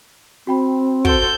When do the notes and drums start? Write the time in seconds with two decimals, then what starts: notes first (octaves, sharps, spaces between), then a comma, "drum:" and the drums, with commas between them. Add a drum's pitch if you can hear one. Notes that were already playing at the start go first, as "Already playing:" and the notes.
0.47 C4 F#4 G5 B5
1.05 F#4 A4 C5 G6 D7, drum: kick